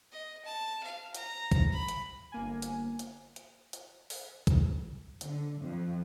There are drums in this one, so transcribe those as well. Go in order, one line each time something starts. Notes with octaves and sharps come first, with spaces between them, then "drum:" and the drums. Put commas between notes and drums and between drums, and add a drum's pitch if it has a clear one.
D#5
A5
F5
A#5, drum: hi-hat
drum: kick, hi-hat
B5
drum: hi-hat
G1 A#3 G#5
drum: hi-hat
drum: hi-hat
drum: hi-hat
drum: hi-hat
drum: open hi-hat
drum: kick, hi-hat
D3, drum: hi-hat
F2